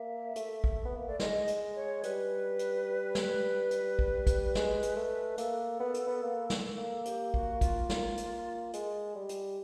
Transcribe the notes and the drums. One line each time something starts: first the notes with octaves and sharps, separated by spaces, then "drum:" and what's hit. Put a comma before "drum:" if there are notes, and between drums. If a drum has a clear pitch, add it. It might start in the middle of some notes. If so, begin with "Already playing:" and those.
Already playing: A#3 E5
A3, drum: hi-hat
drum: kick
B3
A#3
A3 D5
G#3 D#5, drum: snare
drum: hi-hat
C#5
G3 B4, drum: hi-hat
drum: hi-hat
drum: snare
drum: hi-hat
drum: kick
drum: kick, hi-hat
G#3, drum: snare
drum: hi-hat
A3
A#3 A4, drum: hi-hat
B3
drum: hi-hat
B3
A#3
drum: snare
A#3
G4, drum: hi-hat
F#4, drum: kick
F4, drum: kick, hi-hat
A#3, drum: snare
drum: hi-hat
G#3, drum: hi-hat
G3
drum: hi-hat